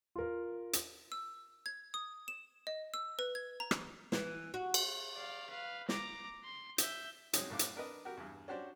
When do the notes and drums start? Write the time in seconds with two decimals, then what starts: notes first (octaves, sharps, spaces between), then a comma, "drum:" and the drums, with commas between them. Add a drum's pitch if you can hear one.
0.16 F4 A#4
0.73 drum: hi-hat
1.12 E6
1.66 G#6
1.94 D#6
2.28 E7
2.67 D#5
2.94 E6
3.19 B4
3.35 G#6
3.60 A#5
3.71 drum: rim click
4.12 E3, drum: snare
4.54 F#4
4.74 drum: cymbal
5.15 D5 F5
5.51 B4 F5
5.89 A#5 D6, drum: snare
6.44 C6
6.78 E5 G6, drum: hi-hat
7.33 F#3 G#3 C4 C#4 D#4 G#4, drum: hi-hat
7.50 F#2 A2 F5 D6
7.59 drum: hi-hat
7.76 D4 A#4 B4 D#5
8.05 F#4 G4 A#4
8.17 E2 G2
8.48 C#4 D4 F#4 G4 C5 D5